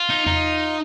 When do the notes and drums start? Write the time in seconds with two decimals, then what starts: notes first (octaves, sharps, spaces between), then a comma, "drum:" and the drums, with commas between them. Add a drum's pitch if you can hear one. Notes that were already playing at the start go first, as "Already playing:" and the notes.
Already playing: F4
0.10 D#4
0.26 D#4, drum: tom E2